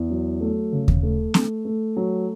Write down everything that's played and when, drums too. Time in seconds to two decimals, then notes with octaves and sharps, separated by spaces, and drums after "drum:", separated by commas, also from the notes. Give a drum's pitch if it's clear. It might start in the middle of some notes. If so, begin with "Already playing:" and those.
Already playing: E2
0.10 F#3
0.41 A3
0.73 C#3
0.88 drum: kick D#2
1.03 A3
1.34 A3, drum: snare
1.65 A3
1.97 F#3